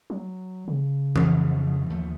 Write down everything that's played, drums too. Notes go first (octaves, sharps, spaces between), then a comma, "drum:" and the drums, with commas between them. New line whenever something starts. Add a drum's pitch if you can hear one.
F#3
C#3
F2 G#3, drum: tom E3
D#2 F3 A3